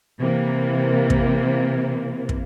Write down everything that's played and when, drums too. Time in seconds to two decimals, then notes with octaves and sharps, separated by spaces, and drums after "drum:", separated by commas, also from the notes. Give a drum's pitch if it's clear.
0.21 C3 E3 A#3
1.10 drum: kick
2.29 drum: kick